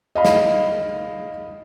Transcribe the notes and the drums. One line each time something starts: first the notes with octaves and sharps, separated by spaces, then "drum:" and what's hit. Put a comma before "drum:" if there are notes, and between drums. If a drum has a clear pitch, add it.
D#5 F5 B5
drum: snare